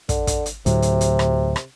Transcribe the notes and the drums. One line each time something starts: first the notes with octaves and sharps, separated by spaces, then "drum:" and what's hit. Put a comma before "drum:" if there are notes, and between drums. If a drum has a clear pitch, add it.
D3, drum: kick, hi-hat
drum: kick, hi-hat
drum: hi-hat
D2 A2 C3 F#3, drum: hi-hat
drum: hi-hat
drum: hi-hat
drum: rim click
drum: rim click